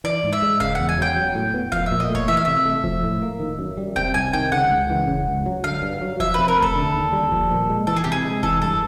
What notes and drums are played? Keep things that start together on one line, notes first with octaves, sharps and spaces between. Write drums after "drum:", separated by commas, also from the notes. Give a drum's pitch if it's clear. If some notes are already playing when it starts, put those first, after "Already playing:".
E3 D5
G#2
E5
G#3
C#3 F5, drum: kick E1
E2 F#5
G#5
F#3 G5
F#3
A2
B3
F3 F5, drum: kick E1
E5
A#2
D#5
A3
C#5, drum: kick E1
E3 E5
F5
C3 E5
A3
F3, drum: kick E1
A2
A#3
D#3
F#2
G3
C3 G5, drum: kick E1
C2 G#5
D#3 G5
C#3 F#5
C#2
E3
C#3, drum: kick E1
C#2
F#3
D3 F5
G2
F#3
F3 E5, drum: kick E1
C3 B4
A#4
A3
A4, drum: kick E1
D3
D#2
G3
F3, drum: kick E1
A#2
G#3
E3 A4
G#4
C3 G4
G#4
G#3
E3 A4, drum: kick E1
G2 A4